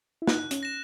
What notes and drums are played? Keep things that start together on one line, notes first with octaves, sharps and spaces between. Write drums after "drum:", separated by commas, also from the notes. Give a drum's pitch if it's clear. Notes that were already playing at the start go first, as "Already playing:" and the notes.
E4
D#4 F#6, drum: snare
C#4, drum: hi-hat
A#6 E7